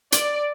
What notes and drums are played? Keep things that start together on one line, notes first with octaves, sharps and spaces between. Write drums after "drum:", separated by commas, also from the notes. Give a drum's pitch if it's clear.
D5, drum: hi-hat